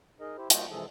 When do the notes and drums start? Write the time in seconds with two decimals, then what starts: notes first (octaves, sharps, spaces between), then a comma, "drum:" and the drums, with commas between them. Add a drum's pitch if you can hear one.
0.20 D#4 G#4 A#4 D#5
0.37 E4 G4 C5
0.50 G3 A#3 F4 F#4 D#5 G5, drum: hi-hat
0.71 C3 E3 F3 G#3 G#4 A4